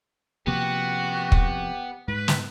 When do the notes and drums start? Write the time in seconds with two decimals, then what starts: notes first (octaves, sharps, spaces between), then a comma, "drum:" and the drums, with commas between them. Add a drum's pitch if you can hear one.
0.47 C3 F3 A#3 B3 F#4 G4
1.32 drum: kick
2.08 G#2 B4
2.28 drum: snare